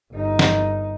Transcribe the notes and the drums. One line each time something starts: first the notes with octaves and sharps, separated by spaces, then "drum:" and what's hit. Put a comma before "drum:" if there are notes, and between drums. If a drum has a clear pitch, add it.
G1 D#4
drum: snare